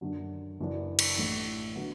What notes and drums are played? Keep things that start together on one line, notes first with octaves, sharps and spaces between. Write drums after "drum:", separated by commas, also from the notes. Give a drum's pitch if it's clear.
F#2 D3 F#3
F#1 F#2 E3 D4
drum: cymbal
A1 A2 A3 D4
D3 F#3 B3